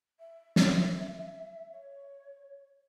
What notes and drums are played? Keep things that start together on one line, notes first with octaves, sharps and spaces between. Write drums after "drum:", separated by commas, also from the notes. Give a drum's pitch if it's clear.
E5
drum: snare
C#5